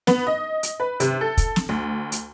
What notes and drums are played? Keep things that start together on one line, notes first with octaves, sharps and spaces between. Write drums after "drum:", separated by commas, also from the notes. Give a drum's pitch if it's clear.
B3, drum: snare
D#5
drum: hi-hat
B4
C3, drum: hi-hat
A4
drum: kick, hi-hat
drum: snare
D2
drum: hi-hat